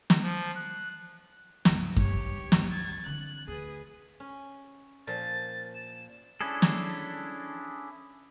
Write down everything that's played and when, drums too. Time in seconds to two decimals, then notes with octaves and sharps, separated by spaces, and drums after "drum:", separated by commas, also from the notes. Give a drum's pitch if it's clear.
0.10 drum: snare
0.21 F3
0.56 F#6
1.65 C#2 G2, drum: snare
1.97 G4 C#5, drum: kick F#2
2.52 drum: snare
2.70 G#6 A6
3.06 D3 C4 F#6
3.48 D2 G#4 B4
4.20 C#4
5.07 A#2 F3 A6
5.75 E7
6.41 C#4 D4 E4 G#4 A4
6.62 drum: snare